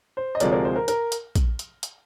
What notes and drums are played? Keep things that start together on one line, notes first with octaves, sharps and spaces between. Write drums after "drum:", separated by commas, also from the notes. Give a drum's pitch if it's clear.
C5
D#5
D2 C3 F3 G#3 A#4 D5, drum: hi-hat
A#4 D5
C5
A#4
A#4, drum: hi-hat
drum: hi-hat
drum: kick, hi-hat
drum: hi-hat
drum: hi-hat